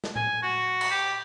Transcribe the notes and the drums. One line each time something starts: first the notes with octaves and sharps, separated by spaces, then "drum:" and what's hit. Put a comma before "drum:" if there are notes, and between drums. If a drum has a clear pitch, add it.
drum: snare
G#5, drum: tom A2
F#4
drum: cymbal
G4